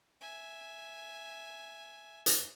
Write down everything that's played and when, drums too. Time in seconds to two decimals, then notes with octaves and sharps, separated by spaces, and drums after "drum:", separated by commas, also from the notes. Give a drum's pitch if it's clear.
0.21 E5 G#5
2.26 drum: hi-hat